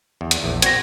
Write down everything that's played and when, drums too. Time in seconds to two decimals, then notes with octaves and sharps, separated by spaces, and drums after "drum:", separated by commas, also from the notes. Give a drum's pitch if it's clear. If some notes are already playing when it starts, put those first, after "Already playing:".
0.21 E2
0.31 drum: hi-hat
0.43 A#1 E2
0.62 C4 F#4 G#6 A#6, drum: hi-hat